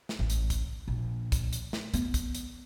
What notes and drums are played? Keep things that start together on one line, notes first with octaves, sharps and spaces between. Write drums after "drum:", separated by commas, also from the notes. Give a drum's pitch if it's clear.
drum: snare
A1
drum: hi-hat
drum: kick, hi-hat
A#1
drum: kick, hi-hat
drum: hi-hat
drum: snare
B3, drum: hi-hat
drum: kick, hi-hat
drum: hi-hat